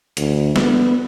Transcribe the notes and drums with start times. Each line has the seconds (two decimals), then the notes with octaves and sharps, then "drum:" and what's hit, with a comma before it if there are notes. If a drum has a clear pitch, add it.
0.17 D2, drum: hi-hat
0.56 B3, drum: snare